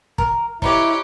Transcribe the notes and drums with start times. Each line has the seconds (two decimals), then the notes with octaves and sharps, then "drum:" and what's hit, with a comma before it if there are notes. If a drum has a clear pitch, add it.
0.18 A#4, drum: kick
0.62 D#4 E4 G4 B4 C#5 D6, drum: kick